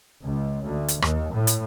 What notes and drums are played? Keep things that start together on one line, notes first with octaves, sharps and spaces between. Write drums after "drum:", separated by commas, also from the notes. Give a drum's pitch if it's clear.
C#2
D2
drum: hi-hat
D#2, drum: rim click
A2
drum: hi-hat